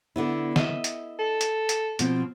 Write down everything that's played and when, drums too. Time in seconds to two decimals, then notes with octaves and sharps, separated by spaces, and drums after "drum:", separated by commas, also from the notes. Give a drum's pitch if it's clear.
0.16 D3 B3 E4
0.56 D#5 E5, drum: snare
0.84 drum: hi-hat
1.19 A4
1.41 drum: hi-hat
1.69 drum: hi-hat
1.99 B2 F3 C4, drum: hi-hat